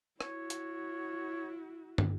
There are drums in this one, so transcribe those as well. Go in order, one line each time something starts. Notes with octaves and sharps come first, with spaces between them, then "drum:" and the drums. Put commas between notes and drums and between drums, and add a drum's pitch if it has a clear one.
E4 F#4 C#5, drum: rim click
drum: hi-hat
drum: tom